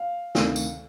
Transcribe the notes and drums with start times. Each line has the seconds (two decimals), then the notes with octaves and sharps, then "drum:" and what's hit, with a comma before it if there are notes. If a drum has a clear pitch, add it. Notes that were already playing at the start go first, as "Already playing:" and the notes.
Already playing: F5
0.35 D2 C3 D#3, drum: snare
0.56 drum: tambourine